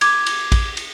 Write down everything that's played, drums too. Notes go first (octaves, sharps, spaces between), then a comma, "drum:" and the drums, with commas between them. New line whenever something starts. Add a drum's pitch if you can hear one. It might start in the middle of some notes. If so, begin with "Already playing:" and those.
D6 G#6, drum: cymbal
drum: cymbal
drum: kick A1, cymbal
drum: cymbal